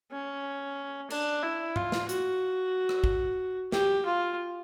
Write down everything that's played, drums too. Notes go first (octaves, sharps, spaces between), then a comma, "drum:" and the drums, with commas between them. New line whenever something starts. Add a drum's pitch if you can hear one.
C#4
D4, drum: cymbal
E4
F4, drum: tom G#2
drum: snare
F#4, drum: hi-hat
drum: rim click
drum: kick
G4, drum: snare
F4